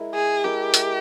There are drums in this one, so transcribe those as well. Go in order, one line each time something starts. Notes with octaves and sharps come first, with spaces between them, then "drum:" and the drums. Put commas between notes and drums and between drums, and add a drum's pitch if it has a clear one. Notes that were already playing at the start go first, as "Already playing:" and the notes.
Already playing: G#3 E4 A#4
G#4
G#3 E4 G4 A#4
drum: hi-hat